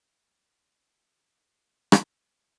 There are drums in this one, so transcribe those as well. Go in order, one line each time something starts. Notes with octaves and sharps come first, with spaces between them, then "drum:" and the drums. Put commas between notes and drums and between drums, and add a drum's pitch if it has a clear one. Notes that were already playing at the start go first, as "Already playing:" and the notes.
C#3
B2
drum: rim click